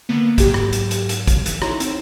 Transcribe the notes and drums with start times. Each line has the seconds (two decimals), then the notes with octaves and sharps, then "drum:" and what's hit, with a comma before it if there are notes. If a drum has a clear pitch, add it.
0.09 D3 A#3 B3
0.38 G#2 F#3 G4, drum: kick, hi-hat
0.54 drum: rim click
0.73 drum: hi-hat
0.91 drum: hi-hat
1.09 drum: hi-hat
1.27 drum: kick, hi-hat
1.46 E3, drum: hi-hat
1.62 D#4 E4 C#5 A#5 C6, drum: rim click
1.80 C4, drum: hi-hat